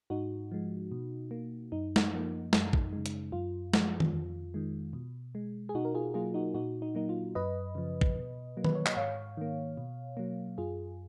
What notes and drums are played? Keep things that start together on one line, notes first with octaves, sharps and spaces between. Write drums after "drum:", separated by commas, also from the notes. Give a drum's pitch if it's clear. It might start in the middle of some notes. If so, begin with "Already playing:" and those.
G#2 D#4 F#4
F3 G#3
B2
A#3
F#2 D#4
D#4, drum: snare
F3 A#3
F#2, drum: snare
drum: kick
C#3 G#3
drum: hi-hat
F#2 F4
F3 G#3, drum: snare
drum: tom D#3
F2
D#3 G#3
B2
G#3
G#4
B2 D#4 F#4
A#4
F4 G#4
F#3 A#3 F4 G#4
D#4 F#4
A#2 D#4 F#4
D#4
F#3 A#3 D#4
F4
F#2 B4 D#5
C#3 F3
drum: kick
B2
F#3 A#3
B4, drum: tom D#3
C#5
D#5, drum: clap
G#2 C#5 F5
D#3 A#3
B2
F#3 A#3
F#2 F4 G#4